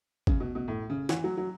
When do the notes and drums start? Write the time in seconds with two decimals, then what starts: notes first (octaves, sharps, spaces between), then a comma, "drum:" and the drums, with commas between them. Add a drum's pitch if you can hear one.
0.27 C#3, drum: kick
0.40 B2
0.55 B2
0.68 A2
0.90 C#3
1.09 E3, drum: snare
1.24 F#3
1.37 F#3